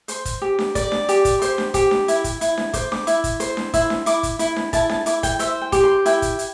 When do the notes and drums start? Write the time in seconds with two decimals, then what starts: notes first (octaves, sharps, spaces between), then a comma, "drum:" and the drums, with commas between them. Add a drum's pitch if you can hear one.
0.08 C5 C6, drum: hi-hat
0.25 drum: kick, hi-hat
0.42 G4
0.59 drum: snare D4
0.75 D5, drum: kick, hi-hat
0.92 drum: snare D4
1.09 G4, drum: hi-hat
1.25 drum: kick, hi-hat
1.42 C5, drum: hi-hat
1.58 drum: snare D4
1.74 G4, drum: kick, hi-hat
1.91 drum: snare D4
2.08 E4, drum: hi-hat
2.24 drum: kick, hi-hat
2.41 E4, drum: hi-hat
2.57 drum: snare D4
2.73 C5 D6, drum: kick, hi-hat
2.92 D6, drum: snare D4
3.07 E4, drum: hi-hat
3.24 drum: kick, hi-hat
3.40 C5, drum: hi-hat
3.57 drum: snare D4
3.74 E4, drum: kick, hi-hat
3.90 drum: snare D4
4.06 E4 D6, drum: hi-hat
4.23 drum: kick, hi-hat
4.39 E4, drum: hi-hat
4.56 drum: snare D4
4.73 E4 A5, drum: kick, hi-hat
4.89 A5, drum: snare D4
5.06 E4 D6, drum: hi-hat
5.23 G5, drum: kick, hi-hat
5.39 C5 E5, drum: hi-hat
5.61 G5
5.72 G4, drum: kick, hi-hat
5.84 C6
6.06 E4 G5, drum: hi-hat
6.22 drum: kick, hi-hat
6.39 drum: hi-hat